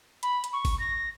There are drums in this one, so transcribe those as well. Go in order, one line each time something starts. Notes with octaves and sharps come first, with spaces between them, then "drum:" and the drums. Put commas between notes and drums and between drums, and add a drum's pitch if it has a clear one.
B5, drum: hi-hat
drum: hi-hat
C#6
drum: kick G1, open hi-hat
A#6